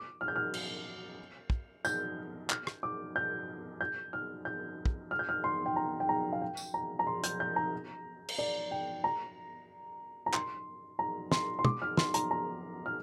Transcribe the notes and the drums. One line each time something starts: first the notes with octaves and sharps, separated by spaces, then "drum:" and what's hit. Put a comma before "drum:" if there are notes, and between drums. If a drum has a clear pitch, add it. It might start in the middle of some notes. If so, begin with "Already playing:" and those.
Already playing: D6
F6
G6
F6
drum: cymbal
drum: kick
G6, drum: tambourine
F6, drum: clap
drum: rim click
D6
G6
G6
F6
G6
drum: kick
F6
G6
F6
C6
G5
A#5
G5
A#5
F5
G5
drum: tambourine
A#5
A#5
C6
G6, drum: hi-hat
G6
A#5
drum: cymbal
D5
G5
A#5
A#5
C6, drum: clap
A#5
C6, drum: snare
C6
D6, drum: tom
F6
C6, drum: snare
A#5, drum: hi-hat
A#5
F6